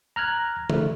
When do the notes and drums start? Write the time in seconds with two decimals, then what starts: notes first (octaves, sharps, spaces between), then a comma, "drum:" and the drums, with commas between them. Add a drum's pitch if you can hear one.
0.16 A#5 F6 F#6 G#6
0.70 A3, drum: tom